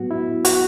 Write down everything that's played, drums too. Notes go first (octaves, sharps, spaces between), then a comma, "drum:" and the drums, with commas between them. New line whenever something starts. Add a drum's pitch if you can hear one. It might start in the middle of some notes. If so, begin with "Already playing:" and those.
Already playing: A2 F#3 B3 F#4
E4
F#4, drum: hi-hat